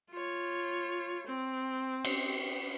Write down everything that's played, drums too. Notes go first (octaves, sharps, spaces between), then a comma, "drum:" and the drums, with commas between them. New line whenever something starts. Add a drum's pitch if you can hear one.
F4 C#5
C4
drum: cymbal